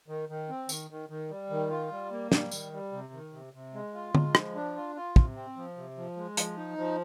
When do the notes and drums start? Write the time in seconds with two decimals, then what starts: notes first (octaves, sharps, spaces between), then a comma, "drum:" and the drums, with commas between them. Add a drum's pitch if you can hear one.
0.08 D#3
0.29 D#3
0.50 C4
0.69 D#3, drum: tambourine
0.90 D#3
1.09 D#3
1.30 G3
1.50 D#3
1.70 F4
1.91 G3
2.12 A#3
2.32 G3, drum: snare
2.51 D#3, drum: tambourine
2.73 G3
2.92 C3
3.13 D#3
3.33 C3
3.53 C3
3.74 G#3
3.93 F4
4.15 G#3, drum: tom
4.35 F3, drum: rim click
4.55 D4
4.76 F4
4.96 F4
5.16 C3, drum: kick
5.36 C4
5.56 F3
5.77 C3
5.97 F3
6.17 G#3
6.37 F3, drum: hi-hat
6.57 D#4
6.78 F3